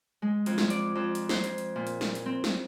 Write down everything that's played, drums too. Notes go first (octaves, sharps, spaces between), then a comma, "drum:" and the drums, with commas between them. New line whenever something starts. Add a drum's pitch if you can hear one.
G#3
F2, drum: hi-hat
drum: snare
D5, drum: hi-hat
F2
drum: hi-hat
C5, drum: snare
drum: hi-hat
drum: hi-hat
A#2
drum: hi-hat
drum: snare
drum: hi-hat
C4
drum: snare